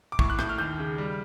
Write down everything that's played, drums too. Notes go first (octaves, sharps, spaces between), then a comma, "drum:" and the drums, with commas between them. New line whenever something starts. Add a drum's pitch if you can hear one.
D6
A2 C#6, drum: kick
F#6
A2 G6, drum: rim click
F6
D#2 G6
C#3
G3